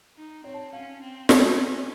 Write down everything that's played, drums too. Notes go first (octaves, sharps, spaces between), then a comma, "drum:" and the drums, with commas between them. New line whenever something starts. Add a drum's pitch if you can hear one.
D#4
C4 C#5
A5
C#4 F5
C4
C#4 A5, drum: snare
C#4